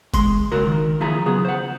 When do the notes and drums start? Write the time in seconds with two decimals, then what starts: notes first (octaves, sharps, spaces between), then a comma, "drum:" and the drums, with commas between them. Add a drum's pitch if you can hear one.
0.14 G#3 C6, drum: kick, tambourine
0.52 C#3 F#4 A#4
0.67 D#3
1.00 D#2 F3 E4 G#4 A#5
1.26 C#3 F#3 B3 G#4
1.45 C5 F#5